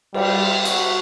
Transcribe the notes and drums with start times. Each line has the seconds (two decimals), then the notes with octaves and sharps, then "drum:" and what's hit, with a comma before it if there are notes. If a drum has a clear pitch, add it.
0.14 G3, drum: cymbal
0.65 F#4, drum: hi-hat